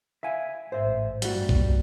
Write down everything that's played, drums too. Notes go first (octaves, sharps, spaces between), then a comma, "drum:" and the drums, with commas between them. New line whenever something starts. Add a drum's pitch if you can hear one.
E5 F5 G#5
A1 G#2 C5 E5
G2 G3 A#3 F#4, drum: hi-hat
drum: kick B1